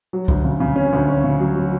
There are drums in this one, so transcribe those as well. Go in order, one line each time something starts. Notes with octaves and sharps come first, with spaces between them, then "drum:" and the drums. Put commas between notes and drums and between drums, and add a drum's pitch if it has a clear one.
F#3
D2, drum: kick C2
C#3
C#3
C#4
D2
C#4
C#3
F#3
F#3